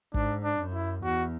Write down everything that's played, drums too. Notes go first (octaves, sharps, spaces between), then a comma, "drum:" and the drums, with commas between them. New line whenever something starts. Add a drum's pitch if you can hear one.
G#2 D4, drum: kick
D4
F#2
E4
E2 F#4